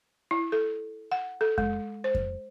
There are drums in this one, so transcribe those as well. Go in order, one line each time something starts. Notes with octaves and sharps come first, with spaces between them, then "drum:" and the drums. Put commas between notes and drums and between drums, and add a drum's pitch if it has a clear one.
E4
A4
F#5
A4
G#3, drum: kick F2
C5
drum: kick F2